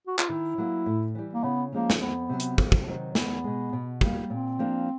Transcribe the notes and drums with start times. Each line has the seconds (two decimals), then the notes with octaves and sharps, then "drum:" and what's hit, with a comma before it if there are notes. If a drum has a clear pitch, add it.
0.07 F#4
0.19 F4, drum: clap
0.29 D#3 E4
0.58 F#3 A#3
0.86 A2
1.15 E3 G3
1.34 A#3
1.43 C#3 B3
1.72 F3 G#3 A#3 C#4
1.90 drum: snare
2.01 F2 B3
2.29 C3 D#3 F#3
2.40 drum: hi-hat
2.58 F2, drum: kick
2.72 drum: kick
2.87 C3 D#3 F#3
3.15 E2 B3, drum: snare
3.44 B2 G#3
3.73 B2
4.01 G3 A#3, drum: kick
4.30 A#2 C4
4.59 F3 A#3 D4